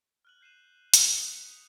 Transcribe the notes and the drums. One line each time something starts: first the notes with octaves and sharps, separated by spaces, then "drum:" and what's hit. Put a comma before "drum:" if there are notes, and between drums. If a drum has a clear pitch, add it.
F6 F#6 F#7
G6 C7 D#7 E7
drum: hi-hat
D#6 F7
B6 C#7